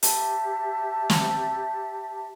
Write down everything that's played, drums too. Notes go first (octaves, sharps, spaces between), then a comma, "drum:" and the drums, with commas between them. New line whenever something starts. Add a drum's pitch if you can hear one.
G4 E5 A5, drum: hi-hat
drum: snare